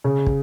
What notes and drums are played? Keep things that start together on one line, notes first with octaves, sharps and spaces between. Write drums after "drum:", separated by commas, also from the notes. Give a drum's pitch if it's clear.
C#3
drum: kick